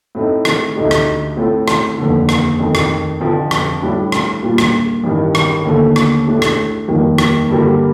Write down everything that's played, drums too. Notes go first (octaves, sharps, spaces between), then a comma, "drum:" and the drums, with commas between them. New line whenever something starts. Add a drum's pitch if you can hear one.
A2 A3 C4 D#4
drum: rim click
D2 D3 A3 D#4 G4
drum: rim click
A2 A3 C4 F4
drum: rim click
F1 D#2 D3
drum: rim click
F2 D#3 A3
drum: rim click
F1 F2 D3 F3 C4
drum: rim click
A2 G3 D4
drum: rim click
A#2 G3 D4 F4
drum: rim click
A1 G2 D#3
drum: rim click
D#2 D3 A3
drum: rim click
A2 A3 D4 G4
drum: rim click
F1 D#2 D#3 G3
drum: rim click
G2 D3 G3 A#3